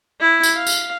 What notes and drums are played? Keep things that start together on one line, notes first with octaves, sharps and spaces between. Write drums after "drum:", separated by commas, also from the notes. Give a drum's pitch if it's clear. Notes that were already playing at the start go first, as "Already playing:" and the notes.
E4
drum: tambourine
F5
drum: tambourine